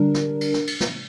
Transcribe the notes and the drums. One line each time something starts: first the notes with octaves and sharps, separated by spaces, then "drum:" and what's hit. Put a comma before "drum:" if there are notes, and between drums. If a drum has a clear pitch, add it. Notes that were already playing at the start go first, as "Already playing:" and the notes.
Already playing: D3 G3 D4 A#4
drum: snare
drum: cymbal
drum: snare
drum: cymbal
drum: snare